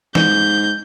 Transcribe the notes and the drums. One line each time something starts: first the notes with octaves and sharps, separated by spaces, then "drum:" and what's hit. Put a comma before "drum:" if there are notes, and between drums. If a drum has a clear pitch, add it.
G#2 G6, drum: snare